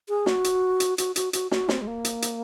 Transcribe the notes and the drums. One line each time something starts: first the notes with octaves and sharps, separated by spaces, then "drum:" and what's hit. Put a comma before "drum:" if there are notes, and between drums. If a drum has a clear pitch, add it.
G#4
F#4, drum: snare
drum: hi-hat
drum: hi-hat
F#4, drum: hi-hat
F#4, drum: hi-hat
F#4, drum: hi-hat
F#4, drum: snare
C4, drum: snare
G#3
A#3
drum: hi-hat
drum: hi-hat